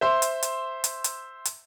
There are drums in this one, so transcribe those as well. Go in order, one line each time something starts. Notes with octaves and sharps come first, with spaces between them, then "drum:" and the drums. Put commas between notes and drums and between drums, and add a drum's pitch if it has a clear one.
C5 E5 C6
drum: hi-hat
drum: hi-hat
drum: hi-hat
drum: hi-hat
drum: hi-hat